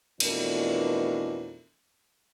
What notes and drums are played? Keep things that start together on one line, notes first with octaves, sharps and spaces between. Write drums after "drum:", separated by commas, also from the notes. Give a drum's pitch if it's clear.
F2 B2 E3 A3 D4 A#4, drum: cymbal